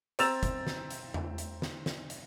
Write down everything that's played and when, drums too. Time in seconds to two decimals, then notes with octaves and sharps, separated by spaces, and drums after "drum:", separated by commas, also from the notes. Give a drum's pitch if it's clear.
0.19 C4 A#5 E6 A6 E7 F7, drum: hi-hat
0.43 drum: kick, hi-hat
0.67 drum: snare
0.90 drum: hi-hat
1.14 drum: tom
1.38 drum: hi-hat
1.62 drum: snare
1.86 drum: snare
2.10 drum: hi-hat